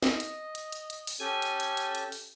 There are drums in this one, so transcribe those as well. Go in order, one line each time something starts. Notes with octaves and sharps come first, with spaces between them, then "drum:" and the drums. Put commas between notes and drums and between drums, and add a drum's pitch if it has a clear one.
D#5, drum: snare
drum: hi-hat
drum: hi-hat
drum: hi-hat
drum: hi-hat
drum: open hi-hat
C#4 G4 A4 G#5
drum: hi-hat
drum: hi-hat
drum: hi-hat
drum: hi-hat
drum: open hi-hat